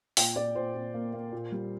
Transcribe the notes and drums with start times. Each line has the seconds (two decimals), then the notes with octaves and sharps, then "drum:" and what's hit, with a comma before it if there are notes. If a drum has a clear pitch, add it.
0.17 A#2 G5, drum: open hi-hat
0.36 A#2 D5
0.55 A#2 C5
0.75 A#2
0.94 A#3
1.13 A#3
1.32 A#2
1.52 G3